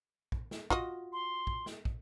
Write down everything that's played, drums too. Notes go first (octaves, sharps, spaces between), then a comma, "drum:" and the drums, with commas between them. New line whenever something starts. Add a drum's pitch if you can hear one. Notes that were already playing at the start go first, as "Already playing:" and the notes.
drum: kick
drum: snare
F4 F#4 D#5, drum: kick
C6
drum: kick
drum: snare
drum: kick